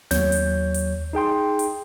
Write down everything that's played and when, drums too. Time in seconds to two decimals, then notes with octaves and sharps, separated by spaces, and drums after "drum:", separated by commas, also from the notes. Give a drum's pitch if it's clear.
0.11 D#2 F#3 C#5 G6, drum: snare
0.32 drum: hi-hat
0.74 drum: hi-hat
1.13 D#4 G#4 G5 C6
1.59 drum: hi-hat